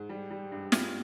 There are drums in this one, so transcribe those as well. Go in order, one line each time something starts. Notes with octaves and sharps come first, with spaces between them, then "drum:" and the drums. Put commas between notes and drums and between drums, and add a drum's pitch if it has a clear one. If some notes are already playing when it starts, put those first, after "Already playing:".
Already playing: G#2
G3
G3
G2
G2 F4, drum: snare